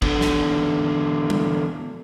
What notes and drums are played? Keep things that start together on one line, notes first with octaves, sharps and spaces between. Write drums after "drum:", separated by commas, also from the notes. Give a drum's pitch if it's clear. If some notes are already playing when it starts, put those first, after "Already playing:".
E2 D3, drum: kick
drum: snare
drum: tom